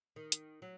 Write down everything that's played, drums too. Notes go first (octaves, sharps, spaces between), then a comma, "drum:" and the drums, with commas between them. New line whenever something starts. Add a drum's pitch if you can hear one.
D#3
drum: hi-hat
F#3